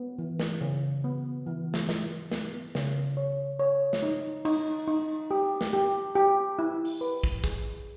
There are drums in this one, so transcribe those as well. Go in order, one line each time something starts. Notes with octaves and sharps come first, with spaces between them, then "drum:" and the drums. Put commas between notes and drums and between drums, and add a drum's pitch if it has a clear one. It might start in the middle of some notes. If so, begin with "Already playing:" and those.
Already playing: B3
E3
drum: snare
C#3
B3
E3
drum: snare
G#3, drum: snare
B3, drum: snare
C#3, drum: snare
C#5
C#5
drum: snare
D#4
D#4, drum: cymbal
D#4
G4
drum: snare
G4
G4
E4
drum: open hi-hat
B4
drum: kick
G#4, drum: kick